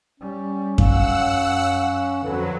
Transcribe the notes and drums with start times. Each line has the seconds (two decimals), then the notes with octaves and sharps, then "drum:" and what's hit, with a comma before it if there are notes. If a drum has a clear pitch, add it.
0.20 G3 C#4
0.78 F#2 F5 F#5 E6, drum: kick F#2
2.24 F2 D3 F#3 B4